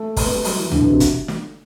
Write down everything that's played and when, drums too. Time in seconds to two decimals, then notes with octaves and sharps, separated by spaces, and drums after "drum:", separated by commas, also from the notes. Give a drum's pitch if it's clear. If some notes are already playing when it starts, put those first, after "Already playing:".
Already playing: A3
0.17 A3, drum: kick, open hi-hat
0.25 B3
0.34 G3
0.44 F#3, drum: open hi-hat
0.58 E3
0.72 D3, drum: tom C#2
0.81 B2
0.90 C3
1.00 drum: kick, hi-hat
1.28 drum: snare